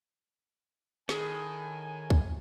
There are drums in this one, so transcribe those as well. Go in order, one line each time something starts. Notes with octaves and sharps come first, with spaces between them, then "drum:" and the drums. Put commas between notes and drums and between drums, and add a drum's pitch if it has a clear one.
A2 D#3 G#4 G#5, drum: snare
drum: kick C#2